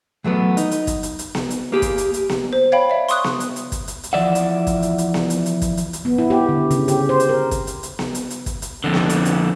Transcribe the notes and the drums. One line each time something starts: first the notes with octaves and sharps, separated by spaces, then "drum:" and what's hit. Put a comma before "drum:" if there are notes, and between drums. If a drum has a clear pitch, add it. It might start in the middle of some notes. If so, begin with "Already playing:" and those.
E3 F#3 A3 B3
D#4, drum: hi-hat
drum: hi-hat
drum: kick, hi-hat
drum: hi-hat
drum: hi-hat
drum: snare B3
drum: hi-hat
A#3 G4 G#4
drum: kick, hi-hat
drum: hi-hat
drum: hi-hat
drum: snare B3
C5
C#5 F5 G5 B5
D5 E5
C6 C#6 D#6 F#6, drum: hi-hat
drum: snare B3
drum: hi-hat
drum: hi-hat
drum: kick, hi-hat
drum: hi-hat
drum: hi-hat
E3 F3 D5 E5 F#5
drum: hi-hat
drum: kick, hi-hat
drum: hi-hat
drum: hi-hat
drum: snare B3
drum: hi-hat
drum: hi-hat
drum: kick, hi-hat
drum: hi-hat
drum: hi-hat
B3
E4
G4
D3
C#3, drum: hi-hat
G4, drum: hi-hat
C5
drum: hi-hat
A#4
drum: kick, hi-hat
drum: hi-hat
drum: hi-hat
drum: snare B3
drum: hi-hat
drum: hi-hat
drum: kick, hi-hat
drum: hi-hat
F2 D3
drum: snare B3
drum: hi-hat
drum: hi-hat